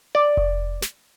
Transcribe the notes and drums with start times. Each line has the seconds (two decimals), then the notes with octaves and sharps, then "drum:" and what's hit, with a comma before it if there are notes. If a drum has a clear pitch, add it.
0.15 D5
0.37 drum: kick F1
0.82 drum: snare